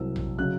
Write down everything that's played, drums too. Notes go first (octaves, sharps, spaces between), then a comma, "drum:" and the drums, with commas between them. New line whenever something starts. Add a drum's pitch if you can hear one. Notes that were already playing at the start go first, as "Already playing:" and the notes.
Already playing: C2 C3 F#3 C4 E6
drum: tom A#1
C#3 F#3 F#6